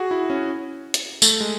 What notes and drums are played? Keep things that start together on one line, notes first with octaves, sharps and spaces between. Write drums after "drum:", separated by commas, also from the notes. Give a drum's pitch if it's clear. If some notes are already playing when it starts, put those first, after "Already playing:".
Already playing: F#4 G#4
E4
C#4
drum: hi-hat
A3, drum: tambourine
G#3